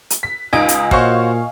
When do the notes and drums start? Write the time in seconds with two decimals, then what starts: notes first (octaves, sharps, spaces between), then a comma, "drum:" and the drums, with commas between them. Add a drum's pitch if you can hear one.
0.10 drum: hi-hat
0.23 B6
0.53 C#2 D#4 D#5 G#5 D7
0.68 drum: hi-hat
0.91 A#2 F#4 C5 C#5 F5 C#6, drum: kick